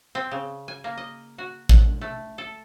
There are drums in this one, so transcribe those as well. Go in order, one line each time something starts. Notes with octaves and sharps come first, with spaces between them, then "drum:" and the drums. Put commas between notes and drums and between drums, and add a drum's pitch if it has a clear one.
C4
C#3
G#5
A#3
D#5
F#4
F#5, drum: kick
A3
A4